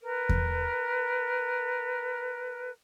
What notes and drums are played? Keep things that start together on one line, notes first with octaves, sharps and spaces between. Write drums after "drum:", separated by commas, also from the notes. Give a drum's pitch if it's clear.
A#4 B4
drum: kick E2